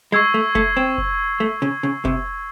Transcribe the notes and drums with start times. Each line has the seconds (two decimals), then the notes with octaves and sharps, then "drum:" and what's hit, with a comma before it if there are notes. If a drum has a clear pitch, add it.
0.12 G#3 C#6 E6 G#6 C7
0.34 A3
0.55 A3, drum: kick F#1
0.77 C4
0.98 drum: kick F#1
1.40 A3
1.62 C#3
1.83 C#3
2.05 C3, drum: kick F#1